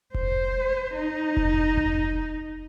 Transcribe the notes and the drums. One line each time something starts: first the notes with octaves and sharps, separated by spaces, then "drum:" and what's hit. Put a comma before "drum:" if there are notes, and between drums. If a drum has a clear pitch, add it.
C5, drum: kick F1
D#4
drum: kick F1
drum: kick F1